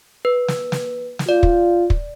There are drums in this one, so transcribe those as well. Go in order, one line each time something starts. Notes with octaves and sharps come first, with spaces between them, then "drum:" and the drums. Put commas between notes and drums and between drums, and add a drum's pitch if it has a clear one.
B4
drum: snare
drum: snare
drum: snare
F4 D5
drum: kick
drum: kick